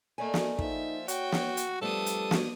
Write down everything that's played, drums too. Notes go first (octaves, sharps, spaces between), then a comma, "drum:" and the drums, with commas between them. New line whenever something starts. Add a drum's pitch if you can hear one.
A3 A#3 D5 D#5 G#5
drum: snare
F3 D#4 E5, drum: kick
F#4 C#5 G5, drum: hi-hat
drum: snare
drum: hi-hat
F3 G3 A3 B3 D4 A4 D#6
drum: hi-hat
drum: snare